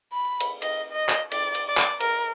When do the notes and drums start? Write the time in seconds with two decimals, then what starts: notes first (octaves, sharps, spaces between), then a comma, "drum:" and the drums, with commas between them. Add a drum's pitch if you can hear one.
0.13 B5
0.40 drum: cymbal
0.62 D#5, drum: cymbal
0.92 D#5
1.09 drum: clap
1.31 D5, drum: cymbal
1.55 drum: cymbal
1.68 D5
1.77 drum: clap
2.00 A#4, drum: cymbal